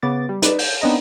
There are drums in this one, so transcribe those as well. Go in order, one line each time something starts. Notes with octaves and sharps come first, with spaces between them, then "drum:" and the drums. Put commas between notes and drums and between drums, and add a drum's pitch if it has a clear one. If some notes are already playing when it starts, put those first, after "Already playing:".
C#3 B3 D6 A6
G3
D#4 B4 D5, drum: hi-hat
G6, drum: open hi-hat
B3 C4 D4 D#4 D#5 A#5